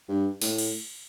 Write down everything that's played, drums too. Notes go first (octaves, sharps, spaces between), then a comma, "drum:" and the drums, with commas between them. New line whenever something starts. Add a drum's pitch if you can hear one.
G2
A2, drum: open hi-hat
drum: cymbal